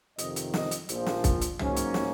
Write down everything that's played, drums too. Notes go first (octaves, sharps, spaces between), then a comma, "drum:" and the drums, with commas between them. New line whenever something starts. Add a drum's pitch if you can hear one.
F2 C3 D#3 D#5, drum: hi-hat
drum: hi-hat
D#5, drum: snare
drum: hi-hat
A#1 A#2 F3, drum: hi-hat
drum: snare
drum: kick, hi-hat
drum: hi-hat
G#2 F#3 A#3 C#4, drum: tom
drum: hi-hat
drum: snare